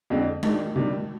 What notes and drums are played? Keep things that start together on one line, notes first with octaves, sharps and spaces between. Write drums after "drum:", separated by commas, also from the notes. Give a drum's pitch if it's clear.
F2 D3 G#3 C4
D#3 G#3 D4, drum: tom G#3
C3 D#3 G3 D4